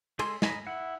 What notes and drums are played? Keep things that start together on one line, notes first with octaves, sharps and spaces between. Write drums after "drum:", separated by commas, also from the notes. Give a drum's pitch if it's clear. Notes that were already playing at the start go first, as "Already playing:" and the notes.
G#3 A4 G#5 C6, drum: cymbal
D#5 G#5 A#5 B5, drum: snare
E4 F#5